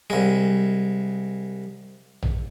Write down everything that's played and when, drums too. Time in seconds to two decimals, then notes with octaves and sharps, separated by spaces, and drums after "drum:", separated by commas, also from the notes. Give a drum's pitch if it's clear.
0.10 C2 G#3
2.23 drum: tom A#1